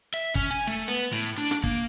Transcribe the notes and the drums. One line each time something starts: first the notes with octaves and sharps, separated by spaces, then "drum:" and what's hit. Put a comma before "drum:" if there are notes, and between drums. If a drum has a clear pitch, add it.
E5
C#4, drum: kick
G#5
A3
B3
A2
D4
drum: snare
A#3, drum: kick